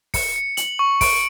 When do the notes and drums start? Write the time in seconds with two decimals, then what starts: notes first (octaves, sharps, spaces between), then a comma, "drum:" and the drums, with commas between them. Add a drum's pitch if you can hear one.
0.14 C#7, drum: kick, open hi-hat
0.36 C#7
0.57 F#7, drum: hi-hat
0.79 C#6
1.01 D7, drum: kick, open hi-hat